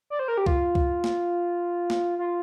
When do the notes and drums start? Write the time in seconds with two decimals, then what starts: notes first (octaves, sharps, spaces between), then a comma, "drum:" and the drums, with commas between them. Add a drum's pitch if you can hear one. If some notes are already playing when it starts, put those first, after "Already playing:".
0.10 D5
0.19 C5
0.28 A#4
0.38 G4
0.46 F4, drum: kick
0.75 drum: kick
1.04 drum: snare
1.90 drum: snare
2.19 F4